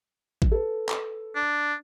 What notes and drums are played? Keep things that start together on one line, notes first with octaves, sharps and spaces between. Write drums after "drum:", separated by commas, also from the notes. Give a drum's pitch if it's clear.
drum: kick A1
A4 B4
drum: clap
D4